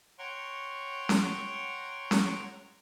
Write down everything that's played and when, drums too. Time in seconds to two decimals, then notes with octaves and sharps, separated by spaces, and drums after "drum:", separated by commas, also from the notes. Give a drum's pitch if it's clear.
0.19 C#5 F#5 G5 A#5 C6 C#6
1.09 drum: snare C#4
2.11 drum: snare C#4